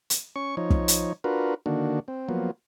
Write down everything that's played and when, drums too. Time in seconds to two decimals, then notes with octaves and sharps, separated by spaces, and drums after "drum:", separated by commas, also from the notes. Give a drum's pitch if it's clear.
0.10 drum: hi-hat
0.36 C#4 C#6
0.57 F3 D#4 C#5
0.70 drum: kick
0.88 drum: hi-hat
1.24 D4 F4 F#4 A#4 B4
1.66 D3 D#3 A#3 D4 F#4
2.08 C4
2.29 F3 F#3 A#3 B3